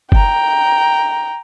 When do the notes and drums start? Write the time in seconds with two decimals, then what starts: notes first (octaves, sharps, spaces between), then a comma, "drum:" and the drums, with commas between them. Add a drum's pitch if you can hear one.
0.12 G5 A#5, drum: kick